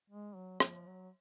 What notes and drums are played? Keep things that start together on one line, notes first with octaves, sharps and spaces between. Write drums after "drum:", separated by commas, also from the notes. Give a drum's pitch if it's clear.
G#3
F#3
F3, drum: rim click
F#3